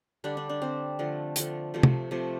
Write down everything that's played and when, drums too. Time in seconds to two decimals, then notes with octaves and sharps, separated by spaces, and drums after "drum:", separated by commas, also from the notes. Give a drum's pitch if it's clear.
0.24 D3 G3 D4 G4
0.37 D4
0.49 D4
0.61 D3 G3 C4
0.99 D3 F3 A3
1.36 D3 F3 A3, drum: hi-hat
1.74 C3 F3 A3
1.83 drum: tom
2.11 C3 F3 A3